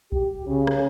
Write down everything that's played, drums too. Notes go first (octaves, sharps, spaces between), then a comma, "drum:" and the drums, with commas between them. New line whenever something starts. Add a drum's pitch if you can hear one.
G4, drum: kick C2
C#3
drum: rim click